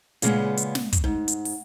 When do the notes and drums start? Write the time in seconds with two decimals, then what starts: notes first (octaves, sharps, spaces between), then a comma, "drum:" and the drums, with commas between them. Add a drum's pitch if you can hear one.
0.22 A#2 C#3 G#3 B3, drum: hi-hat
0.57 drum: hi-hat
0.75 drum: snare
0.93 drum: kick, hi-hat
1.04 G#2
1.28 drum: hi-hat
1.45 drum: open hi-hat